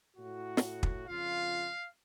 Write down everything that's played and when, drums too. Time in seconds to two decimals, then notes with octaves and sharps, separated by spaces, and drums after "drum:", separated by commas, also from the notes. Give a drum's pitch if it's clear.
0.17 A2 F#4
0.57 drum: snare
0.83 drum: kick
1.08 F2 C#3 F4 F5